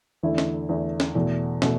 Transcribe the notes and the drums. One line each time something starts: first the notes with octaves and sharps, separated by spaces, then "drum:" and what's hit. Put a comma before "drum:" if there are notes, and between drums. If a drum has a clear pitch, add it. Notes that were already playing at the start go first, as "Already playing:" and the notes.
E2 D3 A3 E4
drum: snare
E2 D3 A3 E4
drum: snare
E2 B2 A3
B2 A3, drum: snare